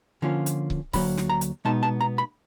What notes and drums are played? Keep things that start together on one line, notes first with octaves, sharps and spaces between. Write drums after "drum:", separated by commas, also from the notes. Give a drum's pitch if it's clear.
D3 F3 A#3 C#4 F4
drum: hi-hat
drum: kick C#1
D2 C#3 F#3 A#3 B5, drum: kick C#1, open hi-hat
drum: snare
A#5
drum: hi-hat
B2 G#3 B3 D#4 A5
A5
A#5
B5